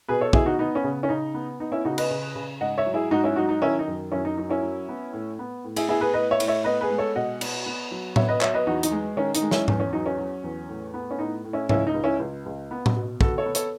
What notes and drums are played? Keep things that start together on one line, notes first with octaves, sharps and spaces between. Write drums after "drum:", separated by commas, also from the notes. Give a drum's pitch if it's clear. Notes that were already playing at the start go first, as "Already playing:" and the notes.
B2 G#4 B4
A4 C#5
B2 E4 G#4, drum: kick
D#4 F#4
B3 D#4
C#4
C#3
C#4
C#3 D#4
B3
B3 D#4
C#4 E4
C#3 D#4 F#4
B4 D#5, drum: cymbal
C#3
C#3
G#2 D#5 F#5
C#5 E5
F#3
E4 G#4
G#2 D#4 F#4
C#4 E4
F#3 D#4 F#4
D#4
D#3 C#4 E4
D#4
F#2
F#2 C#4 E4
D#4
F#3 D#4
C#4 E4
F#3
B3
A2
B3
A2
E4 G#4, drum: cymbal
B3 E4 G#4
G#4 B4
A2 B4 D#5
C#5 E5
A2, drum: cymbal
C#5 E5
B3 B4 D#5
G#4 B4
G#3
A4 C#5
B2 D#5 F#5
B3, drum: cymbal
B3
F#3
B3 C#5 E5, drum: tom A2
B4 D#5
F#3 C#5 E5, drum: clap
B4 D#5
E2 D#4 F#4
D#4, drum: hi-hat
G#3
D#3 C#4
D#4, drum: hi-hat
G#3
C#4 E4, drum: snare
E2 C#4, drum: tom G#2
C#4
F#3 D#4
C#4
F#3
E2
A2
B3
C#4
A2 D#4
A2
C#4 E4
C#2 C#4 E4, drum: tom G#2
D#4
C#2
C#4 E4
C#2
C#2
B3
drum: tom A2
B2
B3 F#4 A4, drum: kick
A4 C#5
B3
A4 C#5, drum: hi-hat